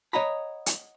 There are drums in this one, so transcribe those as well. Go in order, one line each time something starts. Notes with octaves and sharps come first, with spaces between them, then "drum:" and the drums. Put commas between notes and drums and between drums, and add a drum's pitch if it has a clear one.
C#5 D#5 F#5 A#5 B5
drum: hi-hat